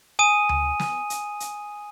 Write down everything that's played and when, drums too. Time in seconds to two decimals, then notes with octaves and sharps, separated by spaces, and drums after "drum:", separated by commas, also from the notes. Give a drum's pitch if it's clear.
0.19 G#5 D#6 D#7
0.49 drum: tom D2
0.80 drum: snare
1.10 drum: hi-hat
1.40 drum: hi-hat